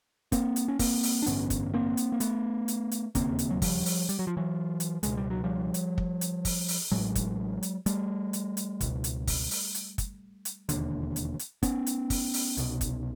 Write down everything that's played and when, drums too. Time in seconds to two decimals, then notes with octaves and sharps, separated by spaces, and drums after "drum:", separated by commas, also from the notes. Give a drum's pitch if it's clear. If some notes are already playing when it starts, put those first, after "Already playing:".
0.32 A#3 C4, drum: kick, hi-hat
0.56 drum: hi-hat
0.68 C#4
0.79 A#3 C4, drum: kick, open hi-hat
1.03 drum: open hi-hat
1.22 D4
1.26 A1 G2 D3 B3 C#4, drum: hi-hat
1.50 drum: kick, hi-hat
1.74 A#3 C4
1.97 drum: hi-hat
2.12 A#3
2.20 A3 B3, drum: hi-hat
2.68 drum: hi-hat
2.91 drum: hi-hat
3.15 E1 D#2 C#3 A#3 C4, drum: kick, hi-hat
3.39 drum: hi-hat
3.51 F#3
3.62 F3 G3, drum: kick, open hi-hat
3.86 drum: open hi-hat
4.09 G3, drum: hi-hat
4.19 F#3
4.27 F3
4.37 E3 F#3
4.80 drum: hi-hat
5.03 C#2 B2 G#3, drum: hi-hat
5.17 G3
5.30 F#3
5.44 F3 G3
5.74 drum: hi-hat
5.98 drum: kick
6.21 drum: hi-hat
6.45 drum: kick, open hi-hat
6.68 drum: open hi-hat
6.91 A1 A2 F#3 G#3
7.15 drum: kick, hi-hat
7.63 drum: hi-hat
7.86 G3 A3, drum: hi-hat
8.33 drum: hi-hat
8.57 drum: hi-hat
8.81 C#2 B2, drum: kick, hi-hat
9.04 drum: hi-hat
9.27 drum: kick, open hi-hat
9.51 drum: open hi-hat
9.75 drum: hi-hat
9.98 drum: kick, hi-hat
10.45 drum: hi-hat
10.69 E1 D#2 D3, drum: hi-hat
11.16 drum: hi-hat
11.39 drum: hi-hat
11.63 B3 C#4, drum: kick, hi-hat
11.87 drum: hi-hat
12.10 drum: kick, open hi-hat
12.34 drum: open hi-hat
12.57 C2 B2, drum: hi-hat
12.81 drum: kick, hi-hat